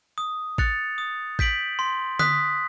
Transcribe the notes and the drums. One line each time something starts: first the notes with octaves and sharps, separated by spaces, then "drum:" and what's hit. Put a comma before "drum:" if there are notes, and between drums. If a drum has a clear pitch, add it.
D#6
F#6 A6 C#7 F7, drum: kick A1
D#6
G6 B6 D7 F#7, drum: kick A1
C6
D#6 F#6 B6, drum: tom D3